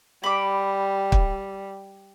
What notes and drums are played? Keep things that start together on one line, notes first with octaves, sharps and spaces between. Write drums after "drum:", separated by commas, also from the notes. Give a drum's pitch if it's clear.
G3 B5 D6
drum: kick